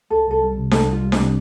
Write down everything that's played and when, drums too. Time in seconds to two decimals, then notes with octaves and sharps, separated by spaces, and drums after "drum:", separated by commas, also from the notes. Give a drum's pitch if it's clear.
0.10 C2 A4
0.26 C2 A4
0.42 G3
0.57 C3
0.71 C2 A4, drum: snare D4
0.86 C2
0.92 F4
1.02 G3
1.12 D4, drum: snare D4
1.17 C3